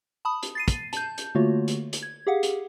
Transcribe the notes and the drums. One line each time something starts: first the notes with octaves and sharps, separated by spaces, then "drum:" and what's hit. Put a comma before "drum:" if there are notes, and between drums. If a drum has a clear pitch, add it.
A5 B5 D#6
drum: hi-hat
A6 C7 D#7
drum: kick, hi-hat
A5 G6, drum: hi-hat
drum: hi-hat
D3 A3 A#3 F4 F#4 C#5
drum: hi-hat
drum: hi-hat
G#6
G4 G#4 F5 F#5
drum: hi-hat